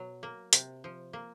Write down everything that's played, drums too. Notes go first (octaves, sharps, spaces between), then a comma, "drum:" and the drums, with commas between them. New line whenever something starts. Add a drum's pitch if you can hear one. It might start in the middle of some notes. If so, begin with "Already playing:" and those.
Already playing: B2 F#3
A#3
C3, drum: hi-hat
F3
A#3